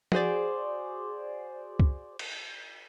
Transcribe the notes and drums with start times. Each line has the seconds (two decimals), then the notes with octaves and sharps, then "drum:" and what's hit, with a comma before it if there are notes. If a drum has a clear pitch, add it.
0.12 F#4 G#4 C5 D5, drum: tom
1.80 drum: kick C2
2.19 drum: cymbal